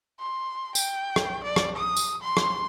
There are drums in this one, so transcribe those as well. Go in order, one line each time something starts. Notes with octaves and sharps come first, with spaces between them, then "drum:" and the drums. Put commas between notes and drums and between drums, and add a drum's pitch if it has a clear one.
C6
G5, drum: tambourine
drum: rim click
D5
drum: rim click
D#6
drum: tambourine
C6
drum: rim click